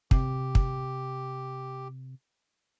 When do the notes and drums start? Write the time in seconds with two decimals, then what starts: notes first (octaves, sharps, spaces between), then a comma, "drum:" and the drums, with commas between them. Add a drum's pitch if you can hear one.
0.11 C3 G4, drum: kick
0.55 drum: kick